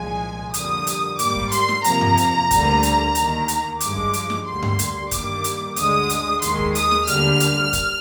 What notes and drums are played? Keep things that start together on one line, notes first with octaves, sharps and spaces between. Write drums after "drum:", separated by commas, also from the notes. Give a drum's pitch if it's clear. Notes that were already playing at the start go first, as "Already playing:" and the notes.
Already playing: C2 A#2 F3 G#3 G#5
F2 D3 G3 A#3 D#6, drum: hi-hat
drum: hi-hat
G#2 G3 A#3 D6, drum: hi-hat
drum: kick
C6, drum: hi-hat
drum: snare
F2 C3 F3 A#3 A#5, drum: hi-hat
drum: tom G2
drum: hi-hat
D2 D3 G3 A#3, drum: kick, hi-hat
drum: hi-hat
D#2 D#3 A#3, drum: hi-hat
drum: hi-hat
G2 F3 G#3 D6, drum: hi-hat
drum: kick
drum: hi-hat
drum: snare
D2 D3 G3 A#3 C6
drum: tom G2
drum: hi-hat
G2 D#3 G3 A#3 D6, drum: kick, hi-hat
drum: hi-hat
D2 D3 G#3 D#6, drum: hi-hat
drum: hi-hat
D#2 D#3 G#3 C6, drum: hi-hat
drum: kick
D#6, drum: hi-hat
drum: snare
D2 D3 G3 A#3 F6, drum: hi-hat
drum: hi-hat
drum: kick, hi-hat